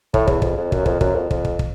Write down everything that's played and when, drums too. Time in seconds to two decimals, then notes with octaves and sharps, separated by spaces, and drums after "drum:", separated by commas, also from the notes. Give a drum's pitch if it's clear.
0.14 A2, drum: kick
0.27 E2, drum: kick
0.42 F2, drum: kick
0.57 F2
0.72 F#2, drum: kick
0.86 F2, drum: kick
1.01 F#2, drum: kick
1.15 F2
1.31 F2, drum: kick
1.45 drum: kick
1.59 drum: kick